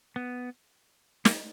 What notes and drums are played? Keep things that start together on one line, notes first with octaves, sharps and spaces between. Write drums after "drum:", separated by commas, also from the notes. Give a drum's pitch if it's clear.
B3
A#3, drum: snare